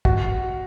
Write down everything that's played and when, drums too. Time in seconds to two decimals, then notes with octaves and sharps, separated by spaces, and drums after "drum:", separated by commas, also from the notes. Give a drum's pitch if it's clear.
0.05 F#4, drum: kick